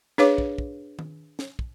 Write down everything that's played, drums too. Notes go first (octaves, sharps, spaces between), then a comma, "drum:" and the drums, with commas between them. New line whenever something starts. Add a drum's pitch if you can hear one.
D4 G#4 B4 C#5 F5 D6, drum: snare
drum: kick
drum: kick
drum: tom D#3
drum: snare
drum: kick